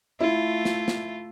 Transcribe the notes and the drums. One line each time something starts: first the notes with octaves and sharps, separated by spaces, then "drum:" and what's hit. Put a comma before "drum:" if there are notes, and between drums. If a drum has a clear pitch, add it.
A3 E4 F4
drum: snare
drum: snare